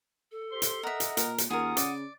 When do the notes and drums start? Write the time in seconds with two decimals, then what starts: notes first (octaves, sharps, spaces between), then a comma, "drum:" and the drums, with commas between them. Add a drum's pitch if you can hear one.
0.32 A4
0.51 G4 C5 C6
0.62 drum: hi-hat
0.83 A#4 D#5 E5 F#5
1.00 drum: hi-hat
1.17 A#2 A#4, drum: hi-hat
1.38 drum: hi-hat
1.50 D#2 C#4 F4 G#4 A#4 F#5 D#6
1.77 C#3 D5, drum: hi-hat